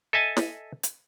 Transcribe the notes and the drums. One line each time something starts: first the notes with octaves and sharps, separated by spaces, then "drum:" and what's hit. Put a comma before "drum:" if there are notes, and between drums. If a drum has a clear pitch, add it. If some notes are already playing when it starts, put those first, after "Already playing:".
A4 D#5 E5 G#5 A5
drum: snare
drum: hi-hat